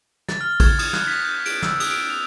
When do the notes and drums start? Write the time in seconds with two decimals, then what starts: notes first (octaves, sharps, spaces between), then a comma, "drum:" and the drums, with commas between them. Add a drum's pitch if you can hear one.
0.28 A6, drum: snare
0.41 F6
0.60 G#6, drum: kick, cymbal
0.79 D#6, drum: cymbal
0.93 F#6, drum: snare
1.07 B6
1.24 G6
1.46 D7, drum: cymbal
1.62 E6, drum: snare
1.80 D#6, drum: cymbal
1.91 D7
2.10 F7